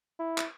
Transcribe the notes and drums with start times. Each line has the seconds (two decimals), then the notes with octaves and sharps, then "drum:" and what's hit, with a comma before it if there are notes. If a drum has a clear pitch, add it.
0.19 E4
0.38 drum: clap